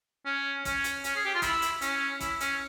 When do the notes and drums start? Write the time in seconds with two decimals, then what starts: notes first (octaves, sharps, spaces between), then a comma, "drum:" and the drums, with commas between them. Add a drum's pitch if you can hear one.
0.25 C#4
0.65 C#4, drum: kick, hi-hat
0.84 drum: hi-hat
1.04 C#4, drum: hi-hat
1.16 G#4
1.25 G4
1.34 F4
1.42 E4, drum: kick, hi-hat
1.62 drum: hi-hat
1.82 C#4, drum: hi-hat
2.21 E4, drum: kick, hi-hat
2.41 C#4, drum: hi-hat